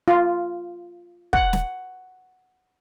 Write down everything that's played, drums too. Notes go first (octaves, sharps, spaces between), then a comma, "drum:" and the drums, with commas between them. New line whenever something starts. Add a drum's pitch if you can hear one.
F4
F#5, drum: kick
drum: snare